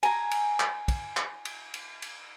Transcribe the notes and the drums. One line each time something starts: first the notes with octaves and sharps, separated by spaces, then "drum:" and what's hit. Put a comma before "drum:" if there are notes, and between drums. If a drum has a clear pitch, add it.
G#5 A#5, drum: cymbal
drum: cymbal
drum: clap
drum: kick, cymbal
drum: clap
drum: cymbal
drum: cymbal
drum: cymbal